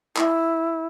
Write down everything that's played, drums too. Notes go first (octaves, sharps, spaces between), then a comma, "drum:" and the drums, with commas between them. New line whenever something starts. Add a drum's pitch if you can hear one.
E4, drum: clap